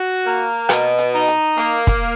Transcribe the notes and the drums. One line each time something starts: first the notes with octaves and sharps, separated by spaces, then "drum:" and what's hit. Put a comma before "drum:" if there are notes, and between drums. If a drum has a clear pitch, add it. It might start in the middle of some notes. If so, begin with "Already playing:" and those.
Already playing: F#4
A#3
B2, drum: rim click
drum: hi-hat
D#4
drum: hi-hat
A#3, drum: hi-hat
drum: kick, hi-hat